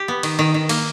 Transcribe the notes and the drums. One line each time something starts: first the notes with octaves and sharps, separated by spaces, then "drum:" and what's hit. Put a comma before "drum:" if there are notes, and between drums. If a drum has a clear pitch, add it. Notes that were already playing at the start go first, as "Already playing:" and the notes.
Already playing: G4
B3
D#3, drum: cymbal
D#3
D#3
A#3, drum: cymbal